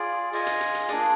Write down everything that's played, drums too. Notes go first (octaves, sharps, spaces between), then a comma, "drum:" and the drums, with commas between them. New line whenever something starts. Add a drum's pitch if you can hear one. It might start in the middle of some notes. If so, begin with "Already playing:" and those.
Already playing: F4 G#4 D5
F4 G#4 D#5 G#5, drum: open hi-hat
drum: hi-hat
drum: hi-hat
drum: hi-hat
A#3 D4 G#4 D5, drum: hi-hat